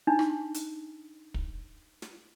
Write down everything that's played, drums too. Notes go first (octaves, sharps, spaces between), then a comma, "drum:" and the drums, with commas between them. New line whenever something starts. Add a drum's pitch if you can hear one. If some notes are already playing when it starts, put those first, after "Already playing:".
D4 D#4
drum: rim click
drum: hi-hat
drum: kick
drum: snare